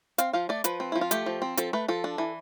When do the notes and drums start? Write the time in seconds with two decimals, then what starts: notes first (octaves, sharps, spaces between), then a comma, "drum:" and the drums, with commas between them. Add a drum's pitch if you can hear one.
0.18 C4 F5, drum: hi-hat
0.33 F3 F5
0.49 A3 D5
0.64 F3 B4, drum: hi-hat
0.80 C4
0.92 F3 E4
1.01 F4
1.11 A3 G4, drum: hi-hat
1.26 F3
1.42 C4
1.57 F3 A4, drum: hi-hat
1.73 A3 B4
1.88 F3 A4
2.04 D4
2.18 E3